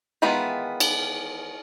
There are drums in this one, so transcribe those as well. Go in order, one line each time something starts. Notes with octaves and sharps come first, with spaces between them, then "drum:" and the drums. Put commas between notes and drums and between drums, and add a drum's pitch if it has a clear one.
D#3 E3 G#3 B3 F4
drum: cymbal